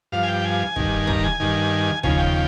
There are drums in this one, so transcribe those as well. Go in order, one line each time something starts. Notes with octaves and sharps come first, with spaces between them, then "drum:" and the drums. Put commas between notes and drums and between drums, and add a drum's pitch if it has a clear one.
G2 F3 F5
G#5
G5
G#5
G2 D#3, drum: kick
A#5, drum: kick
G#5
G2 D#3
D#2 C#3 F3 G#5, drum: kick
G5